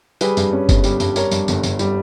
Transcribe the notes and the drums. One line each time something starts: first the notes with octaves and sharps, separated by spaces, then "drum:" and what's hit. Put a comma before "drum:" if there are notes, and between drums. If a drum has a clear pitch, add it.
G3 G#4 B4, drum: tambourine
G2, drum: tambourine
C#4
G1, drum: kick F#1, tambourine
G3, drum: tambourine
G2, drum: tambourine
G3 A#4 C#5, drum: tambourine
G2, drum: tambourine
G1, drum: tambourine
G1, drum: tambourine
G3, drum: tambourine